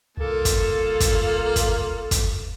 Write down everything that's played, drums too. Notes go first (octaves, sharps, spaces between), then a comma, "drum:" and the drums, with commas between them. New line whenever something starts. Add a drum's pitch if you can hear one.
C2 A#3 F4 A4
drum: kick, hi-hat
drum: kick, hi-hat
drum: kick, hi-hat
drum: kick, hi-hat